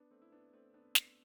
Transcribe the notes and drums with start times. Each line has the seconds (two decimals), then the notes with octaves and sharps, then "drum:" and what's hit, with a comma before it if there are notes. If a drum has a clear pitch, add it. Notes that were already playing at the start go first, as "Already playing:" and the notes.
Already playing: B3 D4
0.11 A3 C4
0.22 E4
0.32 B3 D4
0.53 A3 C4
0.74 B3 D4
0.95 drum: snare